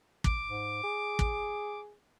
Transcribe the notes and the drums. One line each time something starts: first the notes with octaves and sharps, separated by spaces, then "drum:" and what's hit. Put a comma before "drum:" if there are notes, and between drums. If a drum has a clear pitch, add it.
D6, drum: kick
G#2
G#4
drum: kick